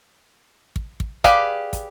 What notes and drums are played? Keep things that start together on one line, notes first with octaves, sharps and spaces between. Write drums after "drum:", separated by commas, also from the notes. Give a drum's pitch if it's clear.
drum: kick
drum: kick
G4 G#4 B4 D5 F5, drum: kick, hi-hat
drum: kick, hi-hat